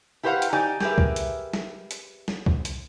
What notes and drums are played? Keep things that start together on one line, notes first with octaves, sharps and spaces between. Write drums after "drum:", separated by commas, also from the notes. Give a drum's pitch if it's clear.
E4 G4 B4 C5 F5 F#5
drum: hi-hat
D#4 G4 D5 G#5
G4 G#4 A#4 B4 E5, drum: snare
drum: kick C2
drum: hi-hat
drum: snare
drum: hi-hat
drum: snare
drum: kick C2
drum: hi-hat